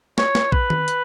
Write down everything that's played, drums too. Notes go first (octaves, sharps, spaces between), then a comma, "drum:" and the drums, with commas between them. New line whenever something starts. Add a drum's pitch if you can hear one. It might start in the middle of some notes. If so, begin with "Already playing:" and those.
C#5, drum: snare
drum: snare
B4, drum: kick
drum: tom D#3
drum: hi-hat